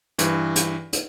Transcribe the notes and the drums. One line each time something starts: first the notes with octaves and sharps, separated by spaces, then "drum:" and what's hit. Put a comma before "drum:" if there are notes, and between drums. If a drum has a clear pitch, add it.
G2 E3, drum: hi-hat
drum: hi-hat
drum: hi-hat